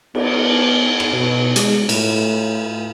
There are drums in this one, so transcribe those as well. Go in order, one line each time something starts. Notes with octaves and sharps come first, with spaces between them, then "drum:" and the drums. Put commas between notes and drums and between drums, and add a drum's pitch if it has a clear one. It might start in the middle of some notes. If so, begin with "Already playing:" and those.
B3, drum: cymbal
drum: rim click
B2
G#3, drum: hi-hat
A2, drum: cymbal